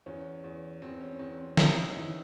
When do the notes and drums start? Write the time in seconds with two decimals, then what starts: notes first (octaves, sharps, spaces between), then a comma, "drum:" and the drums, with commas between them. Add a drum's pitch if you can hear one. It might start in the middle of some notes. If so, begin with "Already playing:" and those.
0.06 E2 C#4
0.44 E2
0.82 E2 C4
1.01 C#4
1.19 E2 C4
1.38 C4
1.57 E2 C#4, drum: snare
1.72 E4
1.77 D#4
1.96 E2 E4